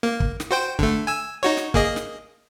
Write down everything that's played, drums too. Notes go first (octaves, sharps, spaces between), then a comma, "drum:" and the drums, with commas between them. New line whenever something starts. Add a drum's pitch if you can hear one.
A#3
drum: kick
drum: snare
F#4 C5 G5
D3 A3, drum: kick
G#5 E6
D#4 F#4 C#5
drum: snare
A#3 G#4 D#5, drum: kick
drum: snare